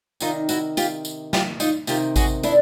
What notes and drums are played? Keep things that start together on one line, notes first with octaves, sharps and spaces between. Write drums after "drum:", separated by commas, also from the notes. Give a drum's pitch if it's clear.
C3 D#3 D#4 F4, drum: tambourine
E4 F#4, drum: tambourine
F4 G4, drum: tambourine
drum: tambourine
F4 G4, drum: snare
D#4 F4, drum: tambourine
C3 D#3 F4 G4, drum: tambourine
F#4 G#4, drum: kick A1, tambourine
D4 E4, drum: tambourine